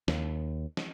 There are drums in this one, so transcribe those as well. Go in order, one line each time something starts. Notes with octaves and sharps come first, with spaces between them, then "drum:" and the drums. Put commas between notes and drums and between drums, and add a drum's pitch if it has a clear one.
D#2, drum: snare
drum: snare